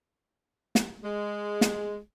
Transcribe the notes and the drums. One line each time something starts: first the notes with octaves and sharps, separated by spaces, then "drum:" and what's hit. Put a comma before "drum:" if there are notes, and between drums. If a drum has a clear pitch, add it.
drum: snare
G#3
drum: snare